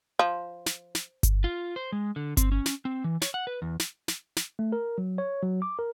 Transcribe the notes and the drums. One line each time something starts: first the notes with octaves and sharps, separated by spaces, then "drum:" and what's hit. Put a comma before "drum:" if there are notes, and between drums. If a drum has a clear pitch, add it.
F3
drum: snare
drum: snare
drum: kick G1, hi-hat
F4
C5
G#3
D3
C4, drum: kick G1, hi-hat
C#4
drum: snare
C4
E3
C#5, drum: snare
F#5
B4
E2
drum: snare
drum: snare
drum: snare
A3
A#4
F#3
C#5
F#3
D6
A#4